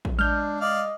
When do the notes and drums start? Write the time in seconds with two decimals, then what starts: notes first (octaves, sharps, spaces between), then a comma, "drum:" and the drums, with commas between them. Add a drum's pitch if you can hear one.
0.05 drum: kick
0.19 G#3 D4 F6 G6
0.61 D5 D#5 F5